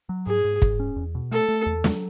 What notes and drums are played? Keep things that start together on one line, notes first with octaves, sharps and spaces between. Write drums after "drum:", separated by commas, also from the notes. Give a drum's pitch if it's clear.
F#3
G#2 G#4
G#2
G#2, drum: kick
C#4
E2
B2
A3 A4
A3
E2
F#3, drum: snare